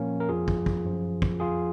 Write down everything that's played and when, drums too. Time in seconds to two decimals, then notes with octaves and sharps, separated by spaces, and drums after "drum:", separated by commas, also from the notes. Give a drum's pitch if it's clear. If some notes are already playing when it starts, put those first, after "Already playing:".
Already playing: A#2 F3 A#3 C#4
0.20 A#4
0.29 F2 F3 F4 G#4
0.48 drum: kick
0.66 drum: kick
0.85 F#2 F3
1.22 drum: kick
1.40 F2 F3 F4 G#4